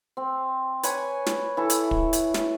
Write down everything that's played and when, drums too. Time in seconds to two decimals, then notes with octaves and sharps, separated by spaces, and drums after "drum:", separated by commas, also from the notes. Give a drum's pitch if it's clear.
0.17 C4
0.83 B4 C#5 G#5 C#6, drum: hi-hat
1.26 drum: snare
1.57 E3 E4 A4
1.70 drum: hi-hat
1.91 drum: kick
2.13 drum: hi-hat
2.34 drum: snare